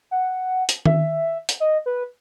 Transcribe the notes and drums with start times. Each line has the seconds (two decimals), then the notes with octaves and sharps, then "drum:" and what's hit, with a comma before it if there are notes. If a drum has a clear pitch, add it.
0.11 F#5
0.69 drum: hi-hat
0.86 E5, drum: tom D#3
1.49 drum: hi-hat
1.60 D#5
1.86 B4